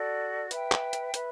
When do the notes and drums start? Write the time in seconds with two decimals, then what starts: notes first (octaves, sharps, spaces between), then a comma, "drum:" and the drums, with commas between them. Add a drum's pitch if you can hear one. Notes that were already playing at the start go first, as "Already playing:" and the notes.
Already playing: F#4 A4 D5
0.51 B4 E5 G5, drum: hi-hat
0.72 drum: clap
0.93 drum: hi-hat
1.14 B4 E5, drum: hi-hat